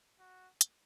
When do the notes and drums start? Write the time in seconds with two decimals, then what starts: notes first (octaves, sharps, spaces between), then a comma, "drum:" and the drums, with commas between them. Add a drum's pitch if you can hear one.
0.19 F#4
0.61 drum: hi-hat